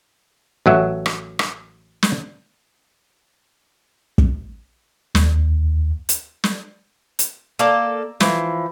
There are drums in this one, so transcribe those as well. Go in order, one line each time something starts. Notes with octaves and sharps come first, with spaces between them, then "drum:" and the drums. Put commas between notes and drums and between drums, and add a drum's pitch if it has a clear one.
A1 F#3 E5
drum: rim click
drum: rim click
drum: snare
drum: kick
D#2, drum: snare
drum: hi-hat
drum: snare
drum: hi-hat
A#3 A4 D5
E3 F3, drum: snare